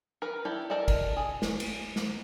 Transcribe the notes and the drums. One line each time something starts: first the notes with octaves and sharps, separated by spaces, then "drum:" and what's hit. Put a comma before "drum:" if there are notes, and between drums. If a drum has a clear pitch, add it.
A#4 B4
E4 G4 A4 D5
A4 A#4 D5 D#5 A5
drum: kick, cymbal
G#4
drum: snare
drum: cymbal
drum: snare